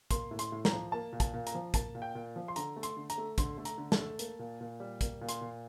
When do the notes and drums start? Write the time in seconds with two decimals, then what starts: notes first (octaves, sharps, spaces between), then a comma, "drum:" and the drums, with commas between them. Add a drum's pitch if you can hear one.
0.11 A#3 C6, drum: kick, hi-hat
0.31 A2
0.39 C6, drum: hi-hat
0.52 A2
0.65 A#5, drum: snare
0.72 F3
0.92 A#3 A5
1.13 A#2
1.20 A5, drum: kick, hi-hat
1.33 A#2
1.47 A#5, drum: hi-hat
1.55 F3
1.74 A#3 A5, drum: kick, hi-hat
1.95 A#2
2.02 G5
2.15 A#2
2.36 F3
2.48 C6
2.56 D3 A#5, drum: hi-hat
2.76 A3
2.83 C6, drum: hi-hat
2.97 D3
3.10 A#5, drum: hi-hat
3.18 A3
3.38 D3 C6, drum: kick, hi-hat
3.57 A3
3.65 A#5, drum: hi-hat
3.78 D3
3.92 A5, drum: snare
3.98 A3
4.19 A#3, drum: hi-hat
4.39 A#2
4.61 A#2
4.80 G3
5.01 A#3, drum: kick, hi-hat
5.21 A#2
5.29 C6, drum: hi-hat
5.41 A#2